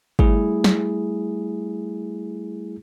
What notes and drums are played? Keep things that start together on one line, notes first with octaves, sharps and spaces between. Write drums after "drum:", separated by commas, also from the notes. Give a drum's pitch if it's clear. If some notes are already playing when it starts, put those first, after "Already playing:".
G3 A3 E4 G#4, drum: kick
drum: snare